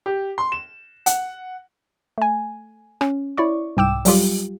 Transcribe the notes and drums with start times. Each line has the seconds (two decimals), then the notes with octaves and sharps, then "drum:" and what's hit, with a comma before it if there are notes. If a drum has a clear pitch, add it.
0.06 G4
0.38 C6
0.52 E7
1.06 F#5, drum: hi-hat
2.18 A3 G#5
3.01 C#4, drum: rim click
3.37 E4 C#5 D5 C#6
3.77 C2 G#2 G5 D6 E6 E7
4.05 F#3 G3 F4 G4, drum: open hi-hat